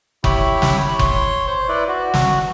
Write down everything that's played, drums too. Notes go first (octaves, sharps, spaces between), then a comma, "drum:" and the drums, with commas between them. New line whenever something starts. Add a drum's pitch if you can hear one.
E4 G4 C#5 B5, drum: kick F#1
drum: snare
C#5 C6, drum: kick F#1
C5
E4 B4 D5
F#4
drum: snare